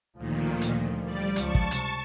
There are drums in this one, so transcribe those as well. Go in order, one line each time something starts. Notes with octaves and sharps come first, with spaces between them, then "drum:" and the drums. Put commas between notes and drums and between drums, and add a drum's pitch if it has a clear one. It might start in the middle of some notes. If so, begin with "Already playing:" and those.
D2 A#2 D#3 F3
drum: hi-hat
G3 D5
C#2 F3 A5 C#6, drum: hi-hat
drum: kick
C3, drum: hi-hat